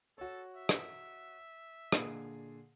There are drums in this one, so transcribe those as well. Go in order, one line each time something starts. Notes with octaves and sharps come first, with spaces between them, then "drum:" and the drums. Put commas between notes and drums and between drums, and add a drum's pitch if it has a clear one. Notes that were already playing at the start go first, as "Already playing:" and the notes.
F#4 A4 C#5
E5
drum: rim click
A#2 D3 G#4, drum: rim click